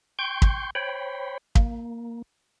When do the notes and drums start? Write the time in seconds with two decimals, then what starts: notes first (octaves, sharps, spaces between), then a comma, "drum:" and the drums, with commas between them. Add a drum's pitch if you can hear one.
0.19 G5 C6 C#6 G6
0.42 drum: kick
0.75 C5 C#5 G5 B5
1.55 A#3, drum: kick